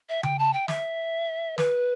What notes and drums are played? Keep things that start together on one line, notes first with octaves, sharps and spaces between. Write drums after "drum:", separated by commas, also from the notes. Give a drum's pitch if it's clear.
E5
G5, drum: tom C#3
A5
G5
E5, drum: snare
B4, drum: snare